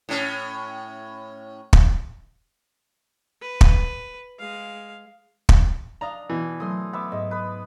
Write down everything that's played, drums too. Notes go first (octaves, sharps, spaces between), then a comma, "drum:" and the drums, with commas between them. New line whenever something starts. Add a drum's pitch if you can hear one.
A2 C#4
drum: kick
B4
drum: kick
G#3 F5
drum: kick
D4 D#5 F5 A#5
B2 E3
F#3 A3 C6 D#6
B3 E5 D6
G#2 D#5
B4 D#6